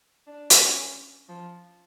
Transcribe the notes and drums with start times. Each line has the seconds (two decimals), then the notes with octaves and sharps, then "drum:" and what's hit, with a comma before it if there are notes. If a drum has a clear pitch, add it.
0.27 D4
0.50 drum: hi-hat
0.61 C#4
1.29 F3